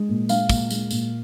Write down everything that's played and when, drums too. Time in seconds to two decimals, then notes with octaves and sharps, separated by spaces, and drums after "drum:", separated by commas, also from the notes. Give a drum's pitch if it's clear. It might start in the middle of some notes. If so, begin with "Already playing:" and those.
Already playing: G#3
0.09 A#2
0.29 G#3 F5, drum: tambourine
0.49 A#2, drum: kick, tambourine
0.70 G#3, drum: tambourine
0.91 A#2, drum: tambourine